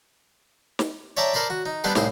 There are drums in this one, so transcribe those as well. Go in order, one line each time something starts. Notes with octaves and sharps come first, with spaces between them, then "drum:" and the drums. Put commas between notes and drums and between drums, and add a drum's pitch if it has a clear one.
drum: snare
C#5 D5 E5 G5 A5 A#5
A4 A#4 C5 D5 B5
F#4
D#4
G3 B3 D4 A4 C5 G5
C2 A2 G#4 C5, drum: snare